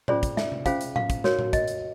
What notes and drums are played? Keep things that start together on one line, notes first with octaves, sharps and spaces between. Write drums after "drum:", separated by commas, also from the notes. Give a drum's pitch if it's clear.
C#4 F4 G#4 C5 D5, drum: tom A2
drum: kick, hi-hat
E5, drum: snare
drum: tom C3
C#4 F4 G#4 C5 F5, drum: kick, hi-hat
drum: hi-hat
F5, drum: tom A2
drum: kick, hi-hat
F#4 A#4 C#5, drum: snare
drum: tom A2
D#5, drum: kick, hi-hat
drum: hi-hat